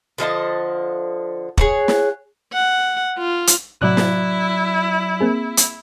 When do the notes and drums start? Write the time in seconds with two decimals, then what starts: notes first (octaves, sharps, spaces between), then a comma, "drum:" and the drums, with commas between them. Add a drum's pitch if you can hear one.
0.18 D3 F3 D#5 A5
1.58 G#4 C#5 F#5, drum: kick
1.88 drum: snare
2.54 F#5
3.19 F4
3.47 drum: hi-hat
3.82 A2 C3 F#3 E4 D5 F#6
3.97 drum: snare
5.21 A#3 C4 G#4
5.57 drum: hi-hat